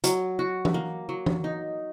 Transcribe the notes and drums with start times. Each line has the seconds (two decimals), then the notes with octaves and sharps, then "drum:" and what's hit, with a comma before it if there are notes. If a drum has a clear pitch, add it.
0.04 F#3, drum: hi-hat
0.39 F#4
0.65 drum: tom E3
0.74 A#3
1.09 F#3
1.26 drum: tom E3
1.44 D#4